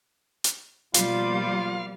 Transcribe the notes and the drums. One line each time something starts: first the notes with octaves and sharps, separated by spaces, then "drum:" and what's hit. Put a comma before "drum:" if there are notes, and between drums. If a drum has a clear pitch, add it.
drum: hi-hat
B2 F3 G3 A#3 F4 F5, drum: hi-hat